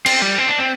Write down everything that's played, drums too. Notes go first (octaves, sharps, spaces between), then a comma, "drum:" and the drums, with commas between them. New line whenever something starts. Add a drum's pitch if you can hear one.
C4, drum: cymbal
G3
C4
D4
C4